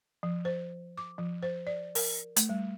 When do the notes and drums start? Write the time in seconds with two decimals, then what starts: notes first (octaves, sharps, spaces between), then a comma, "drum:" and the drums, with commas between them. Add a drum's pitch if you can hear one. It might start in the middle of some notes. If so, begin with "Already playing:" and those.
0.23 F3
0.45 C5
0.98 D6
1.18 F3
1.43 C5
1.67 D5
1.95 A#4, drum: open hi-hat
2.36 A3, drum: hi-hat
2.49 G3